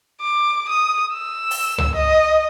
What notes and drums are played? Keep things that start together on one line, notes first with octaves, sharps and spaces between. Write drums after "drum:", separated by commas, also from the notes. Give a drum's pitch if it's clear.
D6
D#6
E6
drum: open hi-hat
drum: tom C#2
D#5